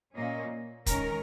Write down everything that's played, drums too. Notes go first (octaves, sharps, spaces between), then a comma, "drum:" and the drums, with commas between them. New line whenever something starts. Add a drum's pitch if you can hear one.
A#2 A#3 C#4 D#5
D#3 G#3 C#4 A#4, drum: kick, hi-hat